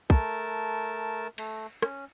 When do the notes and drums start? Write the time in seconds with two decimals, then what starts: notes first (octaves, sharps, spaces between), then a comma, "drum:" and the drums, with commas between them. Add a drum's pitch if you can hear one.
0.10 A3 A#4 A5, drum: kick
1.38 A3, drum: cymbal
1.82 C#4, drum: rim click